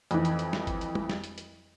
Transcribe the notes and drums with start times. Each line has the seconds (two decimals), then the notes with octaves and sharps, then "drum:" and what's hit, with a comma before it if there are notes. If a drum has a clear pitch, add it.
0.11 F2 E3, drum: hi-hat
0.25 drum: hi-hat
0.39 drum: hi-hat
0.53 drum: snare
0.67 drum: kick G1, hi-hat
0.81 drum: hi-hat
0.95 drum: tom
1.09 drum: snare
1.24 drum: hi-hat
1.38 drum: hi-hat